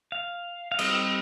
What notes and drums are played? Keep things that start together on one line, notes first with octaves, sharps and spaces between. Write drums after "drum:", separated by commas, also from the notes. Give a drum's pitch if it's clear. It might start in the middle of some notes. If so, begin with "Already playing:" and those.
F5
F5
G3 C4 D#5, drum: cymbal